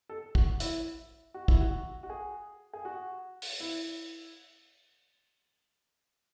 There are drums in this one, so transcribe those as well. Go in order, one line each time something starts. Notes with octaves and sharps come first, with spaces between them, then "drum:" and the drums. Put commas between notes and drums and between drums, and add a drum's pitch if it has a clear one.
A4
F#4, drum: kick
E4, drum: hi-hat
F#4
E4, drum: kick
F#4
F#4
G#4
G#4
F#4
drum: open hi-hat
E4